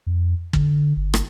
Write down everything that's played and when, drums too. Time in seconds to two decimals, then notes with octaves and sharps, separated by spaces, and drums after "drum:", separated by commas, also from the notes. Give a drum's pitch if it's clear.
0.07 F2
0.53 D3, drum: kick
0.97 G1
1.14 drum: rim click